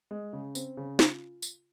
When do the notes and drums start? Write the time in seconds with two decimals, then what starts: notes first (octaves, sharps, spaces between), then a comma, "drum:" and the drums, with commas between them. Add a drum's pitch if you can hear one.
0.11 G#3
0.33 C#3
0.55 C4, drum: tambourine
0.77 C#3
0.99 F4, drum: snare
1.42 drum: tambourine